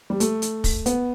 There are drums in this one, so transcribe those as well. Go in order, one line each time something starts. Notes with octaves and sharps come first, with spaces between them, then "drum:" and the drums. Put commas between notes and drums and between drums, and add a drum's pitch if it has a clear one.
G3
A3, drum: hi-hat
drum: hi-hat
drum: kick, open hi-hat
B3, drum: hi-hat